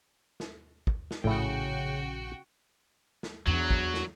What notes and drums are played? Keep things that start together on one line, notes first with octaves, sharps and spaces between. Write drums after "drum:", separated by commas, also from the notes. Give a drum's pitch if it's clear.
drum: snare
drum: kick
drum: snare
A#1 A2 C#3 E4 F#4 G5
drum: snare
E2 F#3 D4
drum: kick
drum: snare